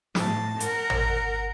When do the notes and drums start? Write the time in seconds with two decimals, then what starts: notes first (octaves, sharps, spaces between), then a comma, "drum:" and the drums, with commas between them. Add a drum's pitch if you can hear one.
0.15 A2 A5, drum: snare
0.60 A#4 F#5, drum: hi-hat
0.90 drum: tom